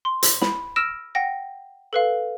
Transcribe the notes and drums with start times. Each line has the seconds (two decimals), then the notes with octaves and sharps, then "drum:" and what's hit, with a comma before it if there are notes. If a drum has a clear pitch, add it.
0.05 C6
0.23 drum: hi-hat
0.42 B5, drum: snare
0.76 E6 F6 A#6 D7 E7
1.15 F#5 G5 A#6
1.93 A4 B4 F5